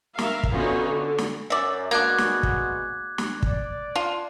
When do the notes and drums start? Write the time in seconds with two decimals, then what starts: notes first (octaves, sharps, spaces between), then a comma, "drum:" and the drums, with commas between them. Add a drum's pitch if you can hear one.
0.18 A#4 E5 F5, drum: snare
0.43 drum: kick
0.53 D3 B3 C#4 D#4 F4 F#4
0.89 D3
1.18 drum: snare
1.50 F#2 D5 E5
1.91 G#3 A#3 B3 D4 F#4 D6 F#6 G#6
2.18 drum: snare
2.43 drum: kick
3.18 drum: snare
3.43 D5, drum: kick
3.96 F4 A5